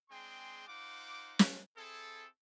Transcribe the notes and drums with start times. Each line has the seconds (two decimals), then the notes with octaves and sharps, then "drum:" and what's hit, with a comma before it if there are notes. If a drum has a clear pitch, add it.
0.10 G#3 C4 D4 G#4 G5 C6
0.68 D#4 F4 C5 F#5 D6
1.39 drum: snare
1.77 C4 E4 G#4 A4